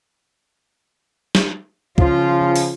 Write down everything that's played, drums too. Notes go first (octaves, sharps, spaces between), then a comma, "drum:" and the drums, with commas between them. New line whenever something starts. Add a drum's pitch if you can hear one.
drum: snare
C#3 F3 F4, drum: kick C#2
drum: open hi-hat